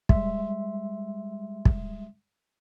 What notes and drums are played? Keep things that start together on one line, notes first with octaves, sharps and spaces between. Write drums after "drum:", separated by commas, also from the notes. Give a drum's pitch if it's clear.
G3 G#3 E5 C6, drum: kick
drum: kick